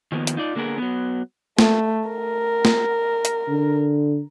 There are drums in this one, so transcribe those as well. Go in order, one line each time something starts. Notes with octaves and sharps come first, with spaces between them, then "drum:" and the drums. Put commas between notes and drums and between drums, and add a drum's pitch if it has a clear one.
D#3 F3 A#3 B3
drum: hi-hat
D#4 F4 D5
D3 A#3 B3 G#4 A#4
F#3 B3
A3, drum: snare
A#4
drum: snare
drum: hi-hat
D3